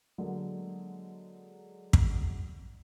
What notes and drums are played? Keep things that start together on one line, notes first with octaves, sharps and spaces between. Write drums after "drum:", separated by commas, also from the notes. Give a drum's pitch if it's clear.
D3 F#3 G#3 A#3
drum: kick